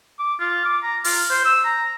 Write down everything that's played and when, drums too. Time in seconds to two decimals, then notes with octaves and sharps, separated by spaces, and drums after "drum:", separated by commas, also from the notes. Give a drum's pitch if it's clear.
0.19 D6
0.40 F4
0.65 D6
0.83 A#5
1.04 F4, drum: open hi-hat
1.30 C5
1.45 E6
1.65 A#5